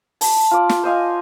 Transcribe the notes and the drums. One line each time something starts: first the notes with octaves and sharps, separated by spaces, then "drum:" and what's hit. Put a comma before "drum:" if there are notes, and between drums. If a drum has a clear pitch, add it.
A5, drum: open hi-hat
F4 D5
drum: snare
C5 D#5 F5 G#5